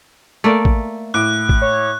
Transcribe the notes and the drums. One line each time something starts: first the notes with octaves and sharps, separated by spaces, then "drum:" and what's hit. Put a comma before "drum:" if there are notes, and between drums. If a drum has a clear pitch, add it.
A3 A#3 D5
drum: kick A1
A2 D6 F#6 D7
drum: kick A1
C#5